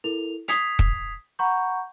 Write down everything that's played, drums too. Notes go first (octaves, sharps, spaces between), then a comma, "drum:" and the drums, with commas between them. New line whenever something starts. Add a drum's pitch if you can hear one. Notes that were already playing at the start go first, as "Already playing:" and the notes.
E4 A4 A#4 F7
D#6 G#6 B6 C7 F7, drum: hi-hat
drum: kick
F#5 A#5 B5 C#6 G6